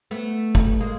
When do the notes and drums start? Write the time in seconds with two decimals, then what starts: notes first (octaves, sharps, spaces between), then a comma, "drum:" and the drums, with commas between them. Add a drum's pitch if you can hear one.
0.11 A3 B3
0.55 drum: kick
0.80 G#3 A#3